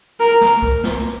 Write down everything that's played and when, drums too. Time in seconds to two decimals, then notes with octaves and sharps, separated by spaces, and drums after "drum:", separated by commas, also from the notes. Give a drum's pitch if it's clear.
0.20 A#4
0.41 drum: snare
0.62 drum: kick C#2
0.84 drum: snare